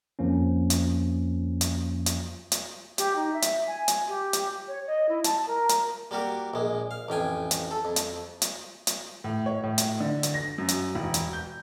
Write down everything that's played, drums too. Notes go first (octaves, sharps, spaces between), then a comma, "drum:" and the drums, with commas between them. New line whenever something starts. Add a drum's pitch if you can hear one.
F2 F3 A#3 C#4
drum: hi-hat
drum: hi-hat
drum: hi-hat
drum: hi-hat
G4, drum: hi-hat
D#4
E5
drum: hi-hat
G#5
drum: hi-hat
G4
drum: hi-hat
C#5
D#5
E4
A5, drum: hi-hat
A#4
drum: hi-hat
G3 A#3 F#4 G4
A#1 G#3
F5
A1 F2 G5 G#5
drum: hi-hat
A4
F2
drum: hi-hat
drum: hi-hat
drum: hi-hat
A2
C#5
A2
drum: hi-hat
D3
drum: hi-hat
A#6
F#2
drum: hi-hat
E1
drum: hi-hat
G6